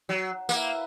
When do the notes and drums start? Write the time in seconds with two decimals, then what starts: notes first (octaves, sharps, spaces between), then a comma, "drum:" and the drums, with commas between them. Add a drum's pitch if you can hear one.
0.09 F#3
0.49 A#3 E4 B4 E5, drum: tambourine